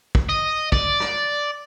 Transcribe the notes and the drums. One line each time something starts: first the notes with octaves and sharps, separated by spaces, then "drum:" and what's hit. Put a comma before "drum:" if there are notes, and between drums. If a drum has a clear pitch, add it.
drum: kick
D#5
D5, drum: kick
drum: rim click